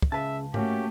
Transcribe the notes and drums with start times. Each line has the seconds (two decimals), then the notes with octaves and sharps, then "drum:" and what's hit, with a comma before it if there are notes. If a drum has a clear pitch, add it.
0.02 drum: kick
0.12 C#2 C#3 B4 E5 A5
0.54 A3 A#3 C#4 F#4 G4, drum: tom G#2